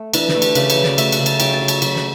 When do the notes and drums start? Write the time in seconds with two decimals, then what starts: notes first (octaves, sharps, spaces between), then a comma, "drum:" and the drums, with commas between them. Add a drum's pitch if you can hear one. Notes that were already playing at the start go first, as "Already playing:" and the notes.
Already playing: A3
0.14 E3 D4, drum: cymbal
0.28 D4, drum: snare
0.35 A3
0.42 G4, drum: cymbal
0.55 C#3 B4, drum: cymbal
0.70 C#5, drum: cymbal
0.77 F#3
0.84 D5, drum: snare
0.98 A3 E5, drum: cymbal
1.12 F#5, drum: cymbal
1.19 C#3
1.26 A5, drum: cymbal
1.40 F#3 G5, drum: cymbal
1.53 A5
1.61 F#3
1.68 A5, drum: cymbal
1.82 F#3 B5, drum: cymbal
1.96 drum: snare